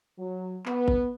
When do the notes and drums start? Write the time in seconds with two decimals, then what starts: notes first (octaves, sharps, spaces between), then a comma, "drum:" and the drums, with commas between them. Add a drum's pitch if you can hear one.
0.18 F#3
0.66 B3, drum: clap
0.88 drum: kick